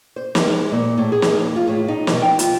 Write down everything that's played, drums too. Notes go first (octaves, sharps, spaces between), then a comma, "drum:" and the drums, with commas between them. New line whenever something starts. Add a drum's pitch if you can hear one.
C5
drum: snare
G#3
A#2
A2
G#4
drum: snare
D#2
F4
A2
D#4
B2, drum: snare
G5
F4, drum: hi-hat